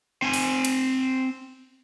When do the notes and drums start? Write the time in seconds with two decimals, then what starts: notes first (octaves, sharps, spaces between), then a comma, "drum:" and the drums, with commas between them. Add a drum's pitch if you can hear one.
0.22 C4 G#5
0.33 drum: open hi-hat
0.65 drum: cymbal